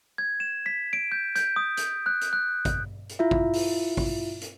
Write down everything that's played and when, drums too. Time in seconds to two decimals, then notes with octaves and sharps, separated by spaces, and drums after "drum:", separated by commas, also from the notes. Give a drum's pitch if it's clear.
0.18 G#6
0.40 E7
0.66 B6
0.93 D7
1.12 G6
1.36 G6, drum: hi-hat
1.56 D#6
1.77 G6, drum: hi-hat
2.06 F#6
2.21 drum: hi-hat
2.33 F#6
2.65 drum: kick A1, hi-hat
3.09 drum: hi-hat
3.19 E4 F4 E5
3.31 drum: kick A1
3.53 drum: open hi-hat
3.97 drum: kick A1, open hi-hat
4.41 drum: hi-hat